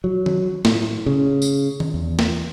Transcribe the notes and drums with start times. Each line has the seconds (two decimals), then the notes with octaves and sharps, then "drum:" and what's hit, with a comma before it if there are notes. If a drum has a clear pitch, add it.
0.04 F#3
0.26 drum: tom D#3
0.65 A2, drum: snare
1.06 C#3
1.42 drum: tambourine
1.80 drum: tom D#3
1.94 E2
2.19 drum: snare